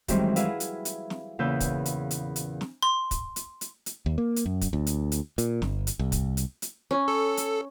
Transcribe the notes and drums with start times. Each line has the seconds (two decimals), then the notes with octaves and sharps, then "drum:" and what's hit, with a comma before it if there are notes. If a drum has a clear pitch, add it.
0.08 F#2 D#3 E3 G3 G#3 C4, drum: kick, hi-hat
0.36 E4 F#4 G#4 B4 E5 F5, drum: hi-hat
0.60 drum: hi-hat
0.85 drum: hi-hat
1.10 drum: snare
1.39 E2 A#2 C#3 B4 E6 G6
1.60 drum: kick, hi-hat
1.86 drum: hi-hat
2.11 drum: hi-hat
2.36 drum: hi-hat
2.61 drum: snare
2.83 C6
3.11 drum: kick, hi-hat
3.36 drum: hi-hat
3.61 drum: hi-hat
3.86 drum: hi-hat
4.06 D#2
4.18 A#3
4.36 drum: hi-hat
4.46 F#2
4.61 drum: kick, hi-hat
4.73 D2
4.87 drum: hi-hat
5.12 drum: hi-hat
5.38 A#2, drum: hi-hat
5.62 G1, drum: snare
5.87 drum: hi-hat
5.99 C2
6.12 drum: kick, hi-hat
6.37 drum: hi-hat
6.62 drum: hi-hat
6.91 C#4
7.08 A4
7.37 drum: hi-hat